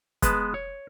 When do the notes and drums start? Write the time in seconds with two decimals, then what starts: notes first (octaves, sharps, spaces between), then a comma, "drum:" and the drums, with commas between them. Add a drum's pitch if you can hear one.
0.22 G#3 B3 B4 A5, drum: kick, hi-hat
0.54 C#5